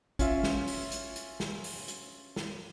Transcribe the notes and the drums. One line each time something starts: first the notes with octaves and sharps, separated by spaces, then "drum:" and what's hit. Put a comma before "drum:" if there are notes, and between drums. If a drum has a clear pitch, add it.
C#4 F4 E5, drum: kick A1, hi-hat
drum: snare
drum: open hi-hat
drum: hi-hat
drum: hi-hat
drum: snare
drum: open hi-hat
drum: hi-hat
drum: snare